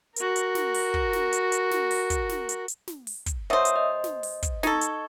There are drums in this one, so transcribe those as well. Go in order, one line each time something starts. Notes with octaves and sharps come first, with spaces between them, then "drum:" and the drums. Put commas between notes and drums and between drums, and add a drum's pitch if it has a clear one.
F#4 A#4, drum: hi-hat
drum: hi-hat
drum: snare
drum: open hi-hat
drum: kick
drum: snare
drum: hi-hat
drum: hi-hat
drum: snare
drum: open hi-hat
drum: kick, hi-hat
drum: snare
drum: hi-hat
drum: hi-hat
drum: snare
drum: open hi-hat
drum: kick, hi-hat
B2 C5 C#5 E5 D#6
drum: hi-hat
D#5
drum: snare
drum: open hi-hat
drum: kick, hi-hat
D#4 A4 C#6 G#6, drum: snare
drum: hi-hat